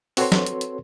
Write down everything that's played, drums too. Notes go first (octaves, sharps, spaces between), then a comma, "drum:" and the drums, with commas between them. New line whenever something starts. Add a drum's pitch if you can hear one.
C4 F#4 A4 B4 C#5 C6, drum: open hi-hat
drum: snare
drum: hi-hat
drum: hi-hat